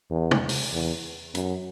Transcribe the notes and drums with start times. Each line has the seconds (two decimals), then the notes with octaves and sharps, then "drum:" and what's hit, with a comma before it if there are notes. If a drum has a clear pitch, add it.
0.11 E2
0.31 drum: tom
0.49 drum: open hi-hat
0.73 E2
1.35 F#2, drum: hi-hat